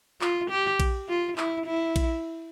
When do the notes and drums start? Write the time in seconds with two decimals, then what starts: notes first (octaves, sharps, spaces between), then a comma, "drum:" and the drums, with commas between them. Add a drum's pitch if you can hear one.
0.21 F4, drum: clap
0.51 G4
0.80 drum: kick A#1, cymbal
1.09 F4
1.38 E4, drum: clap
1.67 E4
1.96 drum: kick A#1, cymbal